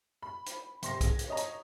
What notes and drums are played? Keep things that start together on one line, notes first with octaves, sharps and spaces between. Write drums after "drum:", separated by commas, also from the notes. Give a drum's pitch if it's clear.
B5
drum: hi-hat
C3 C6 A#6, drum: hi-hat
G#4, drum: kick, hi-hat
drum: hi-hat
C#5 D#5 A#5
drum: hi-hat